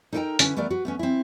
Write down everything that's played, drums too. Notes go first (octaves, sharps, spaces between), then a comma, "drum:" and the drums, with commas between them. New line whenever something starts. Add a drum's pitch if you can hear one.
D#4 A4 A#4 F5 G5 A#5
D3 C#4 E4 B4, drum: hi-hat
E3 A3 B3 A#4 D5
F#4 B4
A3 B3 C#4
C4 E4